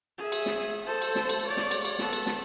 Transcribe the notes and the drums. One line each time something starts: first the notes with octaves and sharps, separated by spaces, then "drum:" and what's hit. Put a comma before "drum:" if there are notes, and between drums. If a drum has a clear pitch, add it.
G#4 E5
drum: cymbal
drum: snare
A4 C5
drum: cymbal
drum: snare
drum: cymbal
C#5 D5
drum: snare
drum: cymbal
drum: cymbal
B3 A4, drum: snare
drum: cymbal
drum: snare